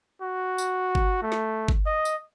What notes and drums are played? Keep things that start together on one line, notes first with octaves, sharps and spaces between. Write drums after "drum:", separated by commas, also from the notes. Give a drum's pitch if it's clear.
F#4
drum: tambourine
drum: kick G1
A3
drum: snare
drum: kick G1
D#5
drum: tambourine